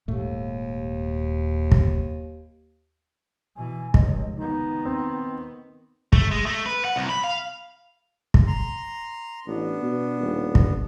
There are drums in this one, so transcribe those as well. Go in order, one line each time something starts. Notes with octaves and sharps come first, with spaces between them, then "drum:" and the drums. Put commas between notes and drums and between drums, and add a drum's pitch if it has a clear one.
D#1 D#2 G#2 A3
drum: kick
B2 E3 G#5
F1 C#2 D#5, drum: kick
D#3 B3 D#4
C4
A3, drum: kick
G#3
A3
B4
F#5
C2
B5
F5
drum: kick
A#5 C6
A1 B3 D4
B2
D#1
drum: kick